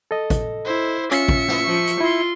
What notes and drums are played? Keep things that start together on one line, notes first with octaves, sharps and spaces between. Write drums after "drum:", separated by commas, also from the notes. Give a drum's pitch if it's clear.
A4 D#5
drum: kick, hi-hat
E4 C5
C#4 F4 E5 C#7, drum: hi-hat
drum: kick
drum: snare
F3 C#6
drum: hi-hat
E4 F4 C6